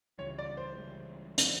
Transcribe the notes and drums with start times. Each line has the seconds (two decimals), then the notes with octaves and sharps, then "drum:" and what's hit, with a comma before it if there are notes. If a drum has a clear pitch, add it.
0.19 C#2 C#3 E3 G3 C#5
0.39 D5
0.57 C5
0.77 C#2 C#3 E3 G3
1.38 D3 F3, drum: hi-hat